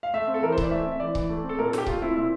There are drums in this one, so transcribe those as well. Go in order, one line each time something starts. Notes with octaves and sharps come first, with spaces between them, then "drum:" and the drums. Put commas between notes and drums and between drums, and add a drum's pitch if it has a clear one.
F5
A3 E5
C4
A4
E3 A#4
C5
E3 D5, drum: kick C#1
A3 E5
C4
E5
E3 D5
E3, drum: kick C#1
A3
C4
A4
A#2 A#4
A4
A#2 G4, drum: snare
A3 F4, drum: kick C#1
C4 E4
A#2 E4